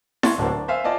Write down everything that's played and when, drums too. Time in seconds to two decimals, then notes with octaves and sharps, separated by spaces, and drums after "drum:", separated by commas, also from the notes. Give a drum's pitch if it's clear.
0.23 C6 C#6 G#6 A6, drum: snare E4
0.38 D1 A2 D4 F#4 A#4 C5
0.52 D4
0.68 C5 E5 F5 G#5
0.84 F4 C5 D5 D#5 G#5 A5